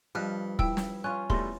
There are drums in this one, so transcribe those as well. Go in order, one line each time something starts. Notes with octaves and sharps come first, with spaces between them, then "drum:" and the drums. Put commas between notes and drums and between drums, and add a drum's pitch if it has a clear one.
G2 F3 D#5 F6 F#6
E4 G5 E6, drum: kick
drum: snare
C#4 F4 F#6
E2 G3 A3 C6 A#6, drum: kick